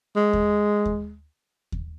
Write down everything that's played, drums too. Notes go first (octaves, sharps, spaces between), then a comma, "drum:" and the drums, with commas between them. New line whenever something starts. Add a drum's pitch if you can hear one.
G#3
drum: kick D#2
drum: kick D#2
drum: kick D#2